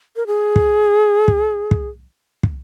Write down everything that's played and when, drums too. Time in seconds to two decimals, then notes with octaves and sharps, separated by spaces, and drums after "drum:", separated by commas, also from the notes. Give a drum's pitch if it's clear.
0.16 A#4
0.27 G#4
0.56 drum: kick
1.28 drum: kick
1.71 drum: kick
2.43 drum: kick